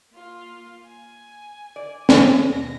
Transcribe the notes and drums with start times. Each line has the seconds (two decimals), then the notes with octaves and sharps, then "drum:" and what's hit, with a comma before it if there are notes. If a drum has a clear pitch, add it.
0.11 A#3 F4
0.85 G#5
1.76 D5
2.09 drum: snare
2.47 D#2 B2 A#6